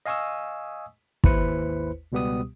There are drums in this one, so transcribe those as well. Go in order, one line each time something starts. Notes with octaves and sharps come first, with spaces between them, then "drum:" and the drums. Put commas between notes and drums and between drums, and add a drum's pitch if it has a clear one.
D#5 F5 G#5 C#6 D#6 E6
G#1 D#2 E4 B4 C5 C#7, drum: kick
C#2 B2 G3 B3 G4 D#6